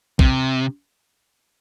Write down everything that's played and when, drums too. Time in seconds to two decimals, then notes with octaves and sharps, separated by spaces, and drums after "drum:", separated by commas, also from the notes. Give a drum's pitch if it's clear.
0.19 C3, drum: kick